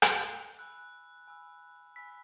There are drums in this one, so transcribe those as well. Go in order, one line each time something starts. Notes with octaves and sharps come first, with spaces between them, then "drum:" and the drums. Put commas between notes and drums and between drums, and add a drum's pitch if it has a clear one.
drum: rim click
G#5 B5 E6 F#6
G#5 B5 E6
G#5 B5 E6 B6